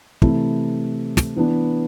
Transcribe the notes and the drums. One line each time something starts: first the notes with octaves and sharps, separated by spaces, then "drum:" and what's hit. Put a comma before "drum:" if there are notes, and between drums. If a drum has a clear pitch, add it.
C3 E3 A3 E4, drum: kick
drum: snare
E3 B3 D4